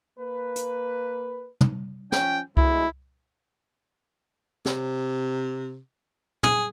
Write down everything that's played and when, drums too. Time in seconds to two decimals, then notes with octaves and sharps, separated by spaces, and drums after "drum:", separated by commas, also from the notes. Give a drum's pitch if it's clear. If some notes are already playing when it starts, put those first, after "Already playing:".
0.19 A#3 B4
0.56 drum: hi-hat
1.61 drum: tom
2.12 F3 C#4 G5, drum: snare
2.57 D2 B2 G#3 E4, drum: kick C2
4.65 C3, drum: snare
6.43 G#4, drum: tom